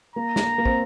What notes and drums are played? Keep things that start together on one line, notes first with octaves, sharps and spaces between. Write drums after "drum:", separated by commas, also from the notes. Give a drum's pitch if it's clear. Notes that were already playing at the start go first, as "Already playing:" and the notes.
A#3 A#5
drum: snare
A#3
C4, drum: kick